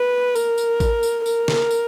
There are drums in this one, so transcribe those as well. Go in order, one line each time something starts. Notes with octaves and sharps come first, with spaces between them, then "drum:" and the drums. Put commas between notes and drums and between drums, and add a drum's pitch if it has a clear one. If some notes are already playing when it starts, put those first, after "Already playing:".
Already playing: B4
A#4, drum: tambourine
drum: tambourine
drum: kick A1, tambourine
drum: tambourine
A#4, drum: tambourine
drum: snare
drum: tambourine